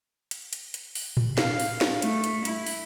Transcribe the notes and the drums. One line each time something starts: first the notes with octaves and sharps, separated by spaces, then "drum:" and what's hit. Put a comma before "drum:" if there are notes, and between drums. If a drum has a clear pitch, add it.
drum: hi-hat
drum: hi-hat
drum: hi-hat
drum: open hi-hat
drum: tom A2
F5, drum: snare
drum: open hi-hat
drum: snare
A3, drum: hi-hat
drum: hi-hat
E4, drum: hi-hat
drum: open hi-hat